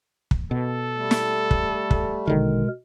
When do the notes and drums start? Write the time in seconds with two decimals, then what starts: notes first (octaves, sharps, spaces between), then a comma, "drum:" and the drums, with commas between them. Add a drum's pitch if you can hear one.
0.31 drum: kick
0.51 B2 A4
0.96 G3 A3
1.11 drum: snare
1.51 drum: kick
1.91 drum: kick
2.27 A#1 B2 D3 D#3 G#3 A#4